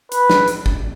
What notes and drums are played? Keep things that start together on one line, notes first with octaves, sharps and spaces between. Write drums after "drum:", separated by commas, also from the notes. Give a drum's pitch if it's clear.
B4, drum: hi-hat
drum: snare
drum: hi-hat
drum: kick G#1